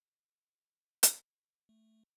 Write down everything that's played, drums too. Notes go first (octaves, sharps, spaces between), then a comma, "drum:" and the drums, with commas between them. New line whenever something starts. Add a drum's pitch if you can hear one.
drum: hi-hat
A3